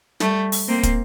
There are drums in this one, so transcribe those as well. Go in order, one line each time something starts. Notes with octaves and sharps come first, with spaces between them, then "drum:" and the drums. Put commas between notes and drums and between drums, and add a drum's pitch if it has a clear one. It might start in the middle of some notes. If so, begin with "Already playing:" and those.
G3 A3, drum: snare
drum: open hi-hat
A#3 C4
drum: kick, hi-hat